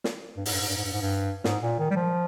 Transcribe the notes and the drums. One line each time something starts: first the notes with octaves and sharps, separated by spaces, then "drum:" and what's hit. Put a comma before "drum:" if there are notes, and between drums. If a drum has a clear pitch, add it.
drum: snare
G2
G#2, drum: open hi-hat
G2
G#2
G2
G#2
G2
G#2
G2
G#2, drum: snare
A#2
D#3
G3
F3